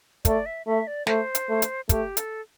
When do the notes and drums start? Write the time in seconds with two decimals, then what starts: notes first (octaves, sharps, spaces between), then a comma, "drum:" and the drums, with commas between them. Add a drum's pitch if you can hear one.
0.25 A3 D5, drum: kick, hi-hat
0.46 E5
0.66 A3 E5
0.87 D5
1.07 A3 C5, drum: snare
1.35 drum: hi-hat
1.49 A3
1.62 drum: hi-hat
1.89 A3 G4, drum: kick, hi-hat
2.17 A4, drum: hi-hat